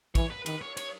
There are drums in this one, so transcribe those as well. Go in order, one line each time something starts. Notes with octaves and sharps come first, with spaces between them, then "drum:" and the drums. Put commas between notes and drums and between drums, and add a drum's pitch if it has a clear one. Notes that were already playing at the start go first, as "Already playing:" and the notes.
E3 C#5, drum: kick, cymbal
B4
D#3 B4, drum: cymbal
C#5
C#5, drum: cymbal